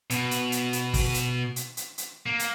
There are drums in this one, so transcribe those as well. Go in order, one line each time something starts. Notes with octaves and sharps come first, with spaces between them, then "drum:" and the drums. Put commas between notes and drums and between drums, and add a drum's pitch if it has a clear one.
B2, drum: hi-hat
drum: hi-hat
drum: hi-hat
drum: hi-hat
drum: kick, open hi-hat
drum: hi-hat
drum: hi-hat
drum: hi-hat
drum: hi-hat
A#3
drum: hi-hat